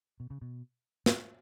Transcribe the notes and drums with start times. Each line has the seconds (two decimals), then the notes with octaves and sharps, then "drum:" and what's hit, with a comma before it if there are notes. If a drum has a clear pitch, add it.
0.20 B2
0.30 C#3
0.42 B2
1.06 G#2, drum: snare